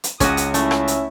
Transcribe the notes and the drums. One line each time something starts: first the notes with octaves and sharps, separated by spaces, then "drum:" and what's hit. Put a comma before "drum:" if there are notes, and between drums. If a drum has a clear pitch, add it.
drum: hi-hat
C#2 C#4 F#4 D#6, drum: kick, hi-hat
drum: hi-hat
A3 C#4 E4 E5, drum: hi-hat
drum: rim click
drum: hi-hat